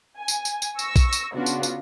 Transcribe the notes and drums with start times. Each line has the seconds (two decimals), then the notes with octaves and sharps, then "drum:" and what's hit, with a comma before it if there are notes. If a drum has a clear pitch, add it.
0.18 G#5
0.28 drum: tambourine
0.45 drum: tambourine
0.62 drum: tambourine
0.79 C#6 E6 A#6, drum: tambourine
0.96 drum: kick A#1, tambourine
1.13 drum: tambourine
1.35 C#3 B3 D4 F4 F#4
1.46 drum: tambourine
1.63 drum: tambourine